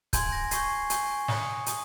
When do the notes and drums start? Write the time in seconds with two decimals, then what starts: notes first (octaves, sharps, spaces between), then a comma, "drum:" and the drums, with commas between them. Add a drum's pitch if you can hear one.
0.13 G#5 C6 G6 G#6, drum: kick C#1, hi-hat
0.32 A#6
0.51 G#5 C#6 G6 C7, drum: hi-hat
0.90 G#5 C#6 G6, drum: hi-hat
1.28 G#5 D#6 G6 C#7, drum: snare
1.66 G#5 D#6 G6, drum: hi-hat